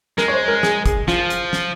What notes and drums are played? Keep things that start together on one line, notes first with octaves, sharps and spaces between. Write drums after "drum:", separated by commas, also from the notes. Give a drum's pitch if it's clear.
G#3 A#4, drum: snare
C#5
C5
A#4
G#4, drum: snare
G#4, drum: kick, hi-hat
F3 F4, drum: snare
drum: hi-hat
drum: snare